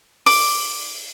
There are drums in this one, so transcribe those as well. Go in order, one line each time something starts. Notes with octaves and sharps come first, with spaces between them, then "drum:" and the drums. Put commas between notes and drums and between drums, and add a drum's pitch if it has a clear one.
D6, drum: open hi-hat